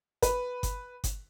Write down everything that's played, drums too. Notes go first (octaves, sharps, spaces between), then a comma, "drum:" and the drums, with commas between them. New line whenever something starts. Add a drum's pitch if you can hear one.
B4, drum: kick G1, hi-hat
drum: kick G1, hi-hat
drum: kick G1, hi-hat